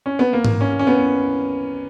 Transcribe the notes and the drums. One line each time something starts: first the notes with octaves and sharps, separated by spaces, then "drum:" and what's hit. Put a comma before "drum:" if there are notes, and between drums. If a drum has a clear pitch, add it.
C#4
B3
A#3
drum: tom G#2
C#4
C#4
B3